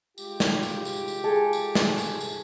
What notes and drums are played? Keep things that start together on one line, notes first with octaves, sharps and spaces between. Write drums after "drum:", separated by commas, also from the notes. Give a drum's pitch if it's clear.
G#3 F4 G4, drum: tambourine
drum: snare
drum: tambourine
drum: tambourine
drum: tambourine
G#4 A4
drum: tambourine
drum: snare
drum: tambourine
drum: tambourine